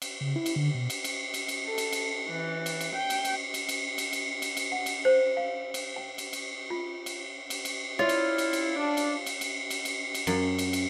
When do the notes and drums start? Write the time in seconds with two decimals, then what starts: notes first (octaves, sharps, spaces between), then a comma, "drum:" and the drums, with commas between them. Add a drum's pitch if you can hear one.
0.02 drum: cymbal
0.21 C#3
0.36 E4
0.46 drum: cymbal
0.56 D3
0.74 B2
0.90 drum: cymbal
1.04 drum: cymbal
1.34 drum: cymbal
1.48 drum: cymbal
1.67 A4
1.78 drum: cymbal
1.92 drum: cymbal
2.29 E3
2.66 drum: cymbal
2.81 drum: cymbal
2.95 G5
3.10 drum: cymbal
3.25 drum: cymbal
3.54 drum: cymbal
3.69 drum: cymbal
3.98 drum: cymbal
4.13 drum: cymbal
4.42 drum: cymbal
4.57 drum: cymbal
4.72 F#5
4.86 drum: cymbal
5.05 C5
5.37 F5
5.74 drum: cymbal
5.96 G5
6.18 drum: cymbal
6.33 drum: cymbal
6.70 F4
7.06 drum: cymbal
7.50 drum: cymbal
7.65 drum: cymbal
7.99 E4 F4 C#5 D5
8.09 drum: cymbal
8.38 drum: cymbal
8.53 drum: cymbal
8.76 D4
8.97 drum: cymbal
9.26 drum: cymbal
9.41 drum: cymbal
9.70 drum: cymbal
9.85 drum: cymbal
10.14 drum: cymbal
10.27 F#2, drum: cymbal
10.59 drum: cymbal
10.73 drum: cymbal